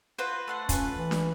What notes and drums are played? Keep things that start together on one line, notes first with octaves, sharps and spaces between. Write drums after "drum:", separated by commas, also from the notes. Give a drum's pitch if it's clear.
F4 F#4 B4 C5
A3 F#5 C6
C#4 F4 B4, drum: kick, hi-hat
E3
drum: snare D4